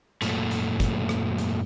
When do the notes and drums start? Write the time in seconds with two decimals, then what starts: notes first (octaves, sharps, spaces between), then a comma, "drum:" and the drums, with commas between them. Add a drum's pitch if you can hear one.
0.22 F#2 A#2 A3, drum: hi-hat
0.51 drum: hi-hat
0.80 drum: kick, hi-hat
1.09 drum: rim click
1.38 drum: hi-hat